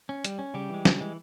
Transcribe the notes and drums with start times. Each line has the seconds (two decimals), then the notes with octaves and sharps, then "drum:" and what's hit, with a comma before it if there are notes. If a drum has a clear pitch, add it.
0.09 C#4
0.25 G3, drum: hi-hat
0.39 C#4
0.54 C#3 G3 G4
0.70 E3 G#3
0.85 C#3, drum: snare
1.01 E3 G#3